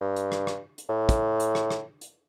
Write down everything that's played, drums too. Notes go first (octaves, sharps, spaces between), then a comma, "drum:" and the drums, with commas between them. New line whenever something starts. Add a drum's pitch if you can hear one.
G2
drum: hi-hat
drum: rim click
drum: rim click
drum: hi-hat
A2
drum: kick, hi-hat
drum: hi-hat
drum: rim click
drum: rim click
drum: hi-hat